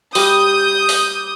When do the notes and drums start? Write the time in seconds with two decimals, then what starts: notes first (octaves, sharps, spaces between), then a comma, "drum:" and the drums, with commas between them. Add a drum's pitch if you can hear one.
0.15 G3 D#6 G6, drum: open hi-hat
0.89 drum: open hi-hat